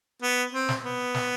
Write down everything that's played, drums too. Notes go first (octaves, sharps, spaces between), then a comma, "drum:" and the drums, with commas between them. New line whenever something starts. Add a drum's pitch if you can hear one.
B3
C4
drum: snare
B3
drum: snare